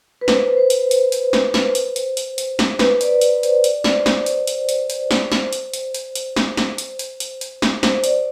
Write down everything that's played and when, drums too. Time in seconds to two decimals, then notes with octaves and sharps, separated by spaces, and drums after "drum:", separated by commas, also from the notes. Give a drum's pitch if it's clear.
0.21 B4
0.28 C5, drum: snare
0.57 C5
0.70 drum: hi-hat
0.91 drum: hi-hat
1.12 C5, drum: hi-hat
1.33 drum: snare
1.54 drum: snare
1.75 drum: hi-hat
1.96 drum: hi-hat
2.17 drum: hi-hat
2.38 drum: hi-hat
2.59 drum: snare
2.79 B4, drum: snare
3.01 D5, drum: hi-hat
3.21 D5, drum: hi-hat
3.43 C5, drum: hi-hat
3.64 D5, drum: hi-hat
3.84 C5, drum: snare
4.06 C5, drum: snare
4.26 D5, drum: hi-hat
4.47 C5, drum: hi-hat
4.69 drum: hi-hat
4.90 drum: hi-hat
5.11 drum: snare
5.32 drum: snare
5.53 drum: hi-hat
5.74 drum: hi-hat
5.95 drum: hi-hat
6.15 drum: hi-hat
6.36 drum: snare
6.57 drum: snare
6.78 drum: hi-hat
6.99 drum: hi-hat
7.20 drum: hi-hat
7.41 drum: hi-hat
7.62 drum: snare
7.83 C5, drum: snare
8.04 D5, drum: hi-hat